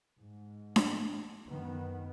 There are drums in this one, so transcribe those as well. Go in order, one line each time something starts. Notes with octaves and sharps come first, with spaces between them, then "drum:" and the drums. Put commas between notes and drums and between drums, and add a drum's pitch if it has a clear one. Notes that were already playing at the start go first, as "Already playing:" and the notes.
G#2
drum: snare D4
F#2 D#3 B3